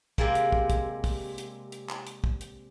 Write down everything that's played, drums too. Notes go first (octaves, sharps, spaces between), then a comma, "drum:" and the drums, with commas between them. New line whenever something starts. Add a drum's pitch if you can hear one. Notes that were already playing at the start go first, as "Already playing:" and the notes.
C3 G3 G#3 A#3, drum: kick
drum: hi-hat
drum: kick
drum: kick, hi-hat
drum: kick, open hi-hat
drum: hi-hat
drum: hi-hat
drum: clap
drum: hi-hat
drum: kick
drum: hi-hat